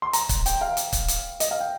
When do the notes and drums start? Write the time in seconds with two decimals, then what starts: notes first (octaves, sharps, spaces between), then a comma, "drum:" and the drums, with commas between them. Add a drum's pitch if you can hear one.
0.02 C6
0.13 A#5, drum: hi-hat
0.29 drum: kick C#1, hi-hat
0.46 G5, drum: hi-hat
0.61 F5
0.77 drum: hi-hat
0.93 drum: kick C#1, hi-hat
1.08 drum: hi-hat
1.40 D#5, drum: hi-hat
1.51 F5
1.60 G5